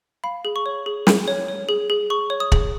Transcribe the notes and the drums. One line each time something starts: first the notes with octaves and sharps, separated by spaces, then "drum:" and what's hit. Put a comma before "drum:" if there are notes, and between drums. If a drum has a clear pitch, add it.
F5 B5
G#4
C#6
C#5
G#4
G#4, drum: snare
C#5
C#5
G#4
G#4
G#4 C#6
C#5
D#6
G#4, drum: kick